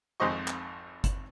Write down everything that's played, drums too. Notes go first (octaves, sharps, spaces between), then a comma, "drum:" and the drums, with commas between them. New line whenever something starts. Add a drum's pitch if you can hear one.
G#1 F2 G#2 C5 D#5 C#6
drum: clap
drum: kick G1, hi-hat